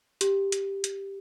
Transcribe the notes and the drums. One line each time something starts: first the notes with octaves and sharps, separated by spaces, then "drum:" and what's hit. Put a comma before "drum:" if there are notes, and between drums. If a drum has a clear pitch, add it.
G4, drum: hi-hat
drum: hi-hat
drum: hi-hat